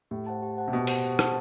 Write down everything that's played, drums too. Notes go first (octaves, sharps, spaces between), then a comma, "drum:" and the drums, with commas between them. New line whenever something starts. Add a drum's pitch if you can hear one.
A2 G4
C5 F#5 A5
G4
C5 F#5 A5
C3
B2 G4
C5 F#5 A5, drum: open hi-hat
G4
C5 F#5 A5, drum: rim click